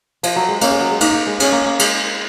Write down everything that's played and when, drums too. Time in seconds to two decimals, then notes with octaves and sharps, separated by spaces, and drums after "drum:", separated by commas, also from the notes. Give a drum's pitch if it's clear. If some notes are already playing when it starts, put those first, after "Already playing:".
0.23 F3, drum: cymbal
0.36 F#3
0.49 G#3
0.61 A#3 C#4, drum: cymbal
0.72 G#3
0.81 F#3
0.91 G#3
1.01 A#3 D#4, drum: cymbal
1.13 A#3
1.27 G#3
1.40 G#3 C#4, drum: cymbal
1.52 A#3
1.66 A#3
1.79 G#3, drum: cymbal